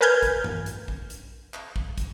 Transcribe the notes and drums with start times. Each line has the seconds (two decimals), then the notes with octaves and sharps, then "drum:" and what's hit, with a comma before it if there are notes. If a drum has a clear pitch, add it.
0.01 A#4 B4 G#5 F6 G6 G#6
0.22 drum: kick, hi-hat
0.44 drum: tom G2
0.66 drum: hi-hat
0.88 drum: kick
1.10 drum: hi-hat
1.54 drum: clap
1.76 drum: kick
1.98 drum: kick, hi-hat